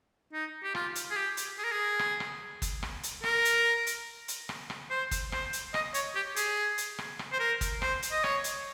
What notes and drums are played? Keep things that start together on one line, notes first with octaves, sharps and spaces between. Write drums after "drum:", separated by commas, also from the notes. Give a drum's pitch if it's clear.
D#4
G4
F4, drum: rim click
drum: hi-hat
G#4
G4
drum: hi-hat
G#4
A#4
G#4
drum: rim click
drum: rim click
drum: kick G1, hi-hat
drum: rim click
drum: hi-hat
A#4, drum: rim click
drum: hi-hat
drum: hi-hat
drum: hi-hat
drum: rim click
drum: rim click
C5
drum: kick G1, hi-hat
C5, drum: rim click
drum: hi-hat
D#5, drum: rim click
C#5, drum: hi-hat
G4
G#4, drum: hi-hat
drum: hi-hat
drum: rim click
drum: rim click
C5
A#4
drum: kick G1, hi-hat
C5, drum: rim click
drum: hi-hat
D#5
C#5, drum: rim click
drum: hi-hat